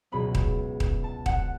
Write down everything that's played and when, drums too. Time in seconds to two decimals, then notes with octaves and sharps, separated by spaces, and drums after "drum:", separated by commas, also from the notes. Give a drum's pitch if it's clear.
0.12 C#2 B2 F#3 B3 B5
0.35 drum: kick D#1
0.80 drum: kick D#1
1.04 A5
1.26 F#5, drum: kick D#1